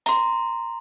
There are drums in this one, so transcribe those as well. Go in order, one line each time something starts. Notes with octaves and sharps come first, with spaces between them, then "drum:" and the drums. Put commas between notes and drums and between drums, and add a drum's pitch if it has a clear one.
A#5 C6, drum: hi-hat